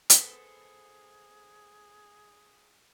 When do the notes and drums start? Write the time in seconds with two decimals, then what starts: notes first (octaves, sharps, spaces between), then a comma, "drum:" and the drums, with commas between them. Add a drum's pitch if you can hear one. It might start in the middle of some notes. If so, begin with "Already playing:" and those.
0.10 B3 G#4 A4 C5 B6, drum: hi-hat